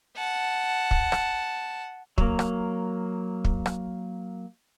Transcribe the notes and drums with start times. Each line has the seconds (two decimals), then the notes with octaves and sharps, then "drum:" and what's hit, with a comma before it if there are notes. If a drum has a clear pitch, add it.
0.16 F#5 A5
0.91 drum: kick
1.12 drum: rim click
2.18 F#3 A#3, drum: kick
2.39 drum: rim click
3.44 drum: kick
3.66 drum: rim click